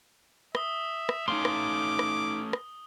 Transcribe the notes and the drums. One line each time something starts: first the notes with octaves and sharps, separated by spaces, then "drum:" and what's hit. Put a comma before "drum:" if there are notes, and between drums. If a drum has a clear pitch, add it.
E5 D#6 G7, drum: rim click
drum: rim click
A3 C#4 D#4 F5 C6 D6
drum: rim click
drum: rim click
drum: rim click